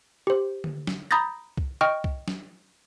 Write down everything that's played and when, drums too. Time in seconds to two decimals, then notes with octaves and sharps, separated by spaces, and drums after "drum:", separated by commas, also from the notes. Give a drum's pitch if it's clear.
0.27 G4 C5
0.64 drum: tom D3
0.87 drum: snare
1.11 A#5 B5 D#6 G6 A6 A#6
1.58 drum: kick C2
1.81 D#5 G5 C#6 F6
2.04 drum: kick C2
2.28 drum: snare